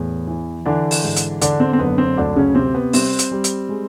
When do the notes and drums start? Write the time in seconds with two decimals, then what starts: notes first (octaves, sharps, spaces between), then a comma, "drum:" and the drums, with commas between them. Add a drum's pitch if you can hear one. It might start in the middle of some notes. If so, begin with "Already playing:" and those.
Already playing: E2 A2
0.27 E3
0.66 D3 E3 D4
0.91 drum: open hi-hat
1.04 G#2
1.16 drum: hi-hat
1.41 D3 D4, drum: hi-hat
1.60 C4
1.73 C4
1.79 F#1 B3
1.98 C4
2.17 D2 D3 D4
2.36 C#3 C#4
2.55 C3 C4
2.74 B3
2.93 G3 C4, drum: open hi-hat
3.19 drum: hi-hat
3.31 G3
3.44 drum: hi-hat
3.69 G#3